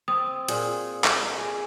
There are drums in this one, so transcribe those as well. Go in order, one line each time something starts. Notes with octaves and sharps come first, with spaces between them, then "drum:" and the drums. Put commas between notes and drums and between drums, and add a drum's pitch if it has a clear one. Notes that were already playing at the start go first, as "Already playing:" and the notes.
C4 D#6
A#2 G#4, drum: hi-hat
drum: clap
G#4